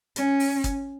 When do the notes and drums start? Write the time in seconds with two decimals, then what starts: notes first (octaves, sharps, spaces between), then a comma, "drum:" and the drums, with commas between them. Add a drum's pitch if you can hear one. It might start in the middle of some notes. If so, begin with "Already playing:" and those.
0.16 C#4, drum: hi-hat
0.40 drum: open hi-hat
0.64 drum: kick, hi-hat